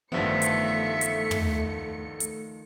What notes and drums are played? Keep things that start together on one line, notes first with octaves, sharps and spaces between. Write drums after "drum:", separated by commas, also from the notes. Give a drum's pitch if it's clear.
A1 G2 D#3 F3 A3 B3 E5 C#7
drum: hi-hat
drum: hi-hat
drum: tom
drum: hi-hat